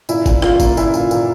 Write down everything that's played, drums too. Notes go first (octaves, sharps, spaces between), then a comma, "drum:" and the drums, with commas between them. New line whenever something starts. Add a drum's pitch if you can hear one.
A#2 E4, drum: tambourine
A#2, drum: kick G1, tambourine
A#2 F4, drum: rim click
A#3, drum: kick G1, tambourine
A#2 E4, drum: tambourine
A#2, drum: tambourine
A#2, drum: tambourine